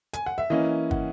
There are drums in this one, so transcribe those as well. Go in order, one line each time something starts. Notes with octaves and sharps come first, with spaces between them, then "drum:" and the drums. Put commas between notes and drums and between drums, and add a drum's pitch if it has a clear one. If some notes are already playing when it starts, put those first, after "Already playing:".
G#5, drum: hi-hat
F#5
E5
E3 A#3 C#4 E4 D#5
F#5, drum: kick